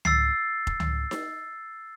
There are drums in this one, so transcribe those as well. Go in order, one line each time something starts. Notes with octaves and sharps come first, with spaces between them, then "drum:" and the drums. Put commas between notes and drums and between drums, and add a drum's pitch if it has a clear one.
E6 A6 C7, drum: tom C#2
drum: kick F1
drum: tom C#2
drum: snare D#4